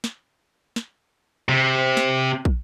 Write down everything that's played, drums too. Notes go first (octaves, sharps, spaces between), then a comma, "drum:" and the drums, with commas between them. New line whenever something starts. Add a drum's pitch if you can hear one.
drum: snare
drum: snare
C3
drum: snare
drum: kick